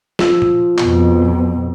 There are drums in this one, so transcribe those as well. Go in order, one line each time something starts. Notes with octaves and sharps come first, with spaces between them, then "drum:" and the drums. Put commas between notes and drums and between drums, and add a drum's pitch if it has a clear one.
F3 E6, drum: snare
drum: tom A#2
F2 B2, drum: clap